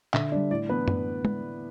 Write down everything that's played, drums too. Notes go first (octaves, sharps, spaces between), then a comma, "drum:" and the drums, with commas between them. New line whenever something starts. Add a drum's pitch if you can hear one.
D3 E5, drum: clap
G3 D4
A2 D5
E3 B3 D4 B4
drum: tom F#2
drum: tom G#3